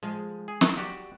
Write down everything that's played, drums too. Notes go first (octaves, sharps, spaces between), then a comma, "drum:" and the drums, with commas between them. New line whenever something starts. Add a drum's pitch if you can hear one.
F3 G#3
G#4
drum: snare
F#4 G4 D5